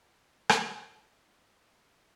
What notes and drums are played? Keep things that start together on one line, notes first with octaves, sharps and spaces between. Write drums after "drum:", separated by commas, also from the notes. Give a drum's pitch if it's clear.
F#4 G#4 A4 B4 F#5 G5 F6
drum: rim click
B2 E4 F4